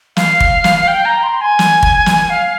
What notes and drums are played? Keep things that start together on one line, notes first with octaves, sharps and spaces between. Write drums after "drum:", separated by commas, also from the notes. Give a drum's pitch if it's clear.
F5, drum: snare
drum: kick
drum: snare
G5
A#5
C6
G#5
drum: snare
drum: kick
drum: snare
F5